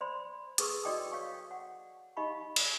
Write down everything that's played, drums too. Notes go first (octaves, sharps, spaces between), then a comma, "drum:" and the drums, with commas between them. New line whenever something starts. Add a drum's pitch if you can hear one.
C5 D5 B5 C6
G#4 A4 B4 C#6 D#6 E6, drum: hi-hat
F#4 D5 D#5 G5 D6 D#6
C#5 F5 G5 C#6
F#5
D#4 G4 D#5 F5 B5 C#6
drum: cymbal